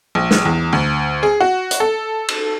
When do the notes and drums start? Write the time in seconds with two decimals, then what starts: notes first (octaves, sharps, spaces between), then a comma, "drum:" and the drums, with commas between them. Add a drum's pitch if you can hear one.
0.15 A#1
0.31 drum: snare
0.45 E2
0.73 D2
1.23 G#4
1.40 F#4
1.71 drum: hi-hat
1.80 A4
2.28 drum: cymbal